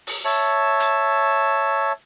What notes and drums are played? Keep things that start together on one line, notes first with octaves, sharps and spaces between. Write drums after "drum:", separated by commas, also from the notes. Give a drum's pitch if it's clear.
drum: open hi-hat
C#5 E5 A5
drum: hi-hat